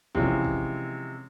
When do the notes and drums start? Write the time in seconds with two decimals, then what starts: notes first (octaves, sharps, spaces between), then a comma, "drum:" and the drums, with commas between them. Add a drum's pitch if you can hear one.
0.15 C3 E3 F3 G#3 C#4, drum: kick
0.44 drum: kick